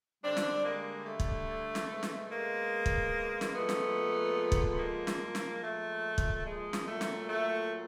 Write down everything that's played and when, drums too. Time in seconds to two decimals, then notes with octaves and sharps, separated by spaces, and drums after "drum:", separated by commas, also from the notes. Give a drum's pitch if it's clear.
0.23 D3 G3 C4 D4
0.37 drum: snare
0.64 G#3 A#3
1.06 A3
1.20 drum: kick
1.75 drum: snare
1.88 B2 G#3
2.03 drum: snare
2.30 G#3 A#3
2.86 drum: kick
3.41 drum: snare
3.54 A#2 F3 G#3 A3 B3
3.69 drum: snare
4.52 drum: kick
4.79 G#3 A#3
5.07 drum: snare
5.21 A#2 F3 G#3
5.35 drum: snare
5.63 A3
6.18 drum: kick
6.45 G#3
6.73 drum: snare
6.87 A#2 F#3 A3
7.01 drum: snare
7.29 A3